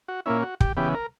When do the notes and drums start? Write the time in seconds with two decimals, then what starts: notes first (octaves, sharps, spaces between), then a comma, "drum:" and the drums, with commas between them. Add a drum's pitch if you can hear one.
0.08 F#4
0.26 A#2 A#3 C#4 E4
0.43 F#4
0.60 G4, drum: kick
0.77 C#3 E3 B3 G4
0.94 A#4